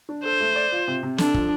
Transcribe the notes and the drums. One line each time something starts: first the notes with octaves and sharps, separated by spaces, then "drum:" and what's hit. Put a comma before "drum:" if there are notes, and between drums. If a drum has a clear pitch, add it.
D4
A4 C5
A3
D5
F4
C3
C3
D4 A4, drum: snare
F3, drum: kick